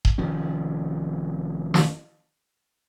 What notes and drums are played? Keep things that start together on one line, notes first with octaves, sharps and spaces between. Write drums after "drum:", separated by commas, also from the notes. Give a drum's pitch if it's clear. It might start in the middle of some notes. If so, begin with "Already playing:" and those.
drum: kick D#1
F1 D#3 F3 C#4
drum: snare